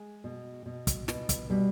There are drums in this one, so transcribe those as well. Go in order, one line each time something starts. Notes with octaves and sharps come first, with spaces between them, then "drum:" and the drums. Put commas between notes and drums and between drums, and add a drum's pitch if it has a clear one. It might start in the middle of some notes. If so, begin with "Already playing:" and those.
Already playing: G#3
B2
B2
drum: kick, hi-hat
B2, drum: snare
drum: kick, hi-hat
B2 G3